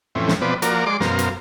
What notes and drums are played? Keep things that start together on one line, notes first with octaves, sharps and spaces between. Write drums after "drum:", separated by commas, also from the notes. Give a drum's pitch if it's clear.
F2 A2 E3 C4 C#4
drum: snare
B2 F3 C4 B4 D5
F3 A#3 F#4 A#4 D5, drum: hi-hat
G#3 D5 C6 D6
F#2 B2 A#4 C5 F5, drum: snare
drum: hi-hat